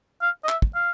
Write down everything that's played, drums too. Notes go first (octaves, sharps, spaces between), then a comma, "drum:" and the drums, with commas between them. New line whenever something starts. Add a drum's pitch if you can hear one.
F5
D#5
E5, drum: clap
drum: kick
F5